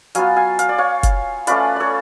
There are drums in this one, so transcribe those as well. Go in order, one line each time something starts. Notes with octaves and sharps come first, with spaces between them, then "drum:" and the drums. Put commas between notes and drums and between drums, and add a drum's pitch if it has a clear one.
F#3 B3 F4 F5 G#5, drum: hi-hat
F5 G#5
F5, drum: hi-hat
D5
C#5 F5
drum: kick F#1, hi-hat
A3 C#4 F4 B4 D5, drum: hi-hat
A4 C#5 D5